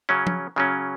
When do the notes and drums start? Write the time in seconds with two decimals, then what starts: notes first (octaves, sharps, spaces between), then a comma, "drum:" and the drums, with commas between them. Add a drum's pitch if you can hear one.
0.09 C#3 F#3 C#4
0.27 drum: tom
0.56 C#3 F#3 C#4